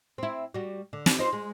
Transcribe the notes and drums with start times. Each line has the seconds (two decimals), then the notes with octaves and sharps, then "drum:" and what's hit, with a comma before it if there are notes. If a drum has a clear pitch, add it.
0.18 C4 E4
0.54 G3 F#4
0.93 D3
1.06 drum: snare
1.19 D#4 F4 C5
1.33 G#3